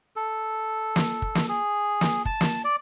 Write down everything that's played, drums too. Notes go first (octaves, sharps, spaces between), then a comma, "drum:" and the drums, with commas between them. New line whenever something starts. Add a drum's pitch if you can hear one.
A4
drum: snare
drum: kick
drum: snare
G#4
drum: snare
A5, drum: kick
drum: snare
D5